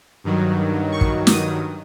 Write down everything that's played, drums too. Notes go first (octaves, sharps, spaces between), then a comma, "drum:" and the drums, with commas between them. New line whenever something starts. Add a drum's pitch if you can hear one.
G2 D#3 F#3
C#6
drum: kick
D#6, drum: snare